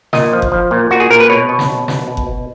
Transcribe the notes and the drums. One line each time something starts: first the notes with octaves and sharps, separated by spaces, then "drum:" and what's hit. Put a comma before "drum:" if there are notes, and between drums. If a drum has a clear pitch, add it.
A#2 D#5, drum: snare
F3
drum: kick F#1
F3
A#2
A#2 F#4
G#4
A#2 A#4
B4
B2 C#5
B2
drum: snare
B2
B2, drum: snare
B2
drum: kick F#1
B2